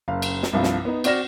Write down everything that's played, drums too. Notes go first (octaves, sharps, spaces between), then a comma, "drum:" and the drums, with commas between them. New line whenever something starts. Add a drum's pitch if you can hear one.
F#1 F5
drum: cymbal
drum: snare
C2 G2 F3
drum: snare
B3 D#4
C4 F#4 D5 F6 A#6 E7, drum: cymbal